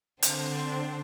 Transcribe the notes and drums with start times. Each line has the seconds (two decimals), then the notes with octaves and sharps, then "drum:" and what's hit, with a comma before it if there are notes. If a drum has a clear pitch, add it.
0.22 D3 C4 D4, drum: hi-hat